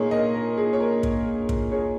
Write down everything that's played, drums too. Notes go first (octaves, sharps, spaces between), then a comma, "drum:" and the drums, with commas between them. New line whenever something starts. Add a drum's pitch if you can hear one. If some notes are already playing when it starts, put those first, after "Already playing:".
Already playing: A#2 A#3 D#4 G#4 C#5
A#4 D#5
A#4
G#4
C#5
A#4
drum: kick
drum: kick
G#4 C#5